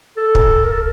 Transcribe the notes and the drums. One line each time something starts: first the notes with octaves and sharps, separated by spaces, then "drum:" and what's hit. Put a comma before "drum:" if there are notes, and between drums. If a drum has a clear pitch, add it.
A4
drum: kick
A#4
A4